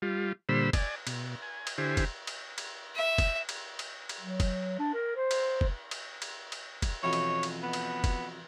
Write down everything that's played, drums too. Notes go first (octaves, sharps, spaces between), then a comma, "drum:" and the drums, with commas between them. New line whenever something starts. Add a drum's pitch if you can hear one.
G3 F4
A#2 D3 G3 C5 B5 E6
D5 G#5, drum: kick, cymbal
B2, drum: cymbal
G#5
drum: cymbal
D3 E4 G4 C5 G#5
drum: kick, cymbal
drum: cymbal
drum: cymbal
E5
drum: kick, cymbal
drum: cymbal
drum: cymbal
drum: cymbal
F#3
drum: kick, cymbal
D4
A#4
C5
drum: cymbal
drum: kick
drum: cymbal
drum: cymbal
drum: cymbal
drum: kick, cymbal
F2 B2 E3 C#5
drum: cymbal
drum: cymbal
B3
drum: cymbal
drum: kick, cymbal